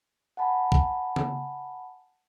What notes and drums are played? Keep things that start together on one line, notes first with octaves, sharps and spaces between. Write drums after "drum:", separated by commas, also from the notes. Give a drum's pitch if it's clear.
F#5 G#5 A5 B5
drum: kick
drum: tom C#3